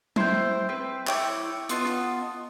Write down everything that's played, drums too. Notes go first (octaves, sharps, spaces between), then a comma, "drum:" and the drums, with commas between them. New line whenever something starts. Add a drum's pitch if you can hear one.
E4 C5 G5 G6, drum: tom F#3
C4 B4
E4 C#5 G5 D6, drum: clap
B3 F4 D#5 A5, drum: hi-hat
drum: rim click